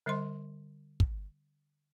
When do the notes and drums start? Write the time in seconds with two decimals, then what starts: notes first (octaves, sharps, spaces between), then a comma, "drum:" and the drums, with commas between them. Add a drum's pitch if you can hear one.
0.06 D3 G3 C5 D#5 C6
1.00 drum: kick